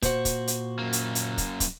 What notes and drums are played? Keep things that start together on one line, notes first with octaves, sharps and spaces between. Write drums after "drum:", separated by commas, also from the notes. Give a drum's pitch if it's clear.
A#2 F#4 C5, drum: kick, hi-hat
drum: kick, hi-hat
drum: hi-hat
F#2 A#3
drum: hi-hat
drum: hi-hat
drum: kick, hi-hat
drum: kick, hi-hat